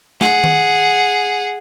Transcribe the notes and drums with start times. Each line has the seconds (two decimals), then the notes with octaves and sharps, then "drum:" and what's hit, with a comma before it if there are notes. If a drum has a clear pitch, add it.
0.21 G#4 F#5, drum: snare
0.44 drum: tom D#3